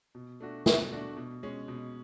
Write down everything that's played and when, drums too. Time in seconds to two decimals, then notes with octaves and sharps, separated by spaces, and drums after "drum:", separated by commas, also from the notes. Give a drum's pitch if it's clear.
0.15 B2
0.40 A3 D4 F#4
0.66 B2, drum: snare
0.92 A3 D4 F#4
1.17 B2
1.43 G#3 C#4
1.68 B2